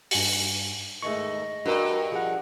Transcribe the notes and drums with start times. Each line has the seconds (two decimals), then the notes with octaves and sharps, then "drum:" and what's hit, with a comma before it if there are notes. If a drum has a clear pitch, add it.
0.11 G2 G#5 C#7, drum: open hi-hat
1.02 D#2 G#2 A3 G#4 D#5 C#6
1.66 G2 F#4 A#4
2.12 F3 G#4 F#5